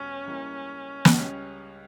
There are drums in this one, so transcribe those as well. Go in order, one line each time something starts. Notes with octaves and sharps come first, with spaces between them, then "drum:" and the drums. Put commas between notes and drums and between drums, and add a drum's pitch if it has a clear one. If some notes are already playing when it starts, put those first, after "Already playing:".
Already playing: E2 B2 G3 C#4
C#2 C#3 G3 A#3 E4
drum: snare
C#2 C#3 G3 C#4